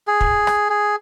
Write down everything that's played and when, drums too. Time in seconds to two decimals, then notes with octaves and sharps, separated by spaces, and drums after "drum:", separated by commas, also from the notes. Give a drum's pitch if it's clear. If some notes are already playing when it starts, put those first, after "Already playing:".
0.07 G#4
0.21 drum: kick
0.47 drum: rim click
0.70 G#4